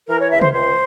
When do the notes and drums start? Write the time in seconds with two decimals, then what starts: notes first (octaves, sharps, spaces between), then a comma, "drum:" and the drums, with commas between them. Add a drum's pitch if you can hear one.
0.08 E3 A#4
0.19 C#5
0.30 C#2 E5
0.41 C5, drum: tom
0.53 C#2 C5